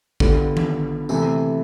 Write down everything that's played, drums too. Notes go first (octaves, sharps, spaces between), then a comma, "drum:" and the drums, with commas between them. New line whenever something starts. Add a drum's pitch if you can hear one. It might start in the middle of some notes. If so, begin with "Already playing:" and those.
D3 G3 B3 F4, drum: kick
drum: tom D#3
C3 E3 A3 E4, drum: tambourine